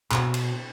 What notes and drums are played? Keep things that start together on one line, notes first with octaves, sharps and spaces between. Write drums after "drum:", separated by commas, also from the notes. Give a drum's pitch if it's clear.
B2, drum: clap
drum: cymbal